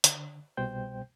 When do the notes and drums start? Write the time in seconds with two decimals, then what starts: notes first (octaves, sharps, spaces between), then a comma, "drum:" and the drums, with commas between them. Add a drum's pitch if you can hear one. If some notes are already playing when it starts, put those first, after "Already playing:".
0.04 D3, drum: hi-hat
0.57 C2 B2 G3 C5 G5 G6